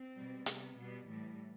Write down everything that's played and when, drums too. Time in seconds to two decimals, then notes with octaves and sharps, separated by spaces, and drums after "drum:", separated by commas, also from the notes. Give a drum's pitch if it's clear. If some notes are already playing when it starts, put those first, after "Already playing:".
Already playing: C4
0.15 B2 G3
0.46 C3 G3 B3, drum: hi-hat
0.78 B2 G3 B3
1.09 A2 E3 G3